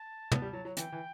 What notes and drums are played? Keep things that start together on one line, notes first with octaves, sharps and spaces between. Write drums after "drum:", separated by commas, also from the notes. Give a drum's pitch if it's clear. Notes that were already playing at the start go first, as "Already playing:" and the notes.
Already playing: A5
B3, drum: tom
G3
F#3
F#3
E3 G5, drum: hi-hat
E3